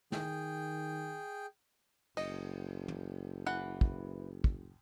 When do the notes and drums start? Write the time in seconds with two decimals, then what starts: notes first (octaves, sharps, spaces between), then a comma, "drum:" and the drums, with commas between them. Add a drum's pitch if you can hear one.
0.12 D#3 G#4 G5, drum: snare
2.17 F#1 D#5, drum: cymbal
2.88 drum: tom
3.46 E3 B4 F#5
3.81 drum: kick
4.44 drum: kick